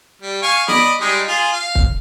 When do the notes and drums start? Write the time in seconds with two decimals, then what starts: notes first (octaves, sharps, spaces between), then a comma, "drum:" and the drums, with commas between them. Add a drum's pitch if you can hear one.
0.22 G3
0.43 F5 G#5 C#6
0.68 D5 D#5 B5, drum: snare
1.01 G3 G#3 D#4
1.28 F4 G#4
1.53 F5
1.75 drum: kick